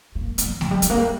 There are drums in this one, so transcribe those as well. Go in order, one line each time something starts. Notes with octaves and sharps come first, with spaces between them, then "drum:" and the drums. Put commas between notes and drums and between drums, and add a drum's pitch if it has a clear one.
A#3
B3, drum: hi-hat
E3
F#3, drum: snare A3
G3
G3, drum: hi-hat
A#3
G3